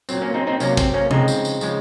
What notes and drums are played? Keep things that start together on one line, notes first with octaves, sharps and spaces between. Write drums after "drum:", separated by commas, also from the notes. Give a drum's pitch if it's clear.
A#2 F#3 C4, drum: tambourine
A#3 C#4
C4 D#4
C4 D#4
C3 F#3 A#3 C#4, drum: tambourine
C4, drum: kick, tambourine
A#3 C#4
C#3 F3 G#3 C4 D#4, drum: tom C3
drum: tambourine
drum: tambourine
C#3 F3 G#3, drum: tambourine